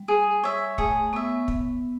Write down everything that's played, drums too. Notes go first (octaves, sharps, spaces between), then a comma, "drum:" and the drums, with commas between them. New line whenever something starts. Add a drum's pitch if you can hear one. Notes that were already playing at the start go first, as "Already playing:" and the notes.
Already playing: G3
G#4
C#5 E5
A3 G#4, drum: kick
B3 C#5 E5
drum: kick